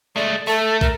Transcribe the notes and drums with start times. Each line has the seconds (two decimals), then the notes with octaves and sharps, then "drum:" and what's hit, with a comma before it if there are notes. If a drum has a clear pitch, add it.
0.16 G#3 A3 D5
0.47 A3 A4
0.81 A#4, drum: kick